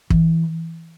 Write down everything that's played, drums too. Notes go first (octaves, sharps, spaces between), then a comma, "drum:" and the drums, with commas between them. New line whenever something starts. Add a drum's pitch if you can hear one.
E3, drum: kick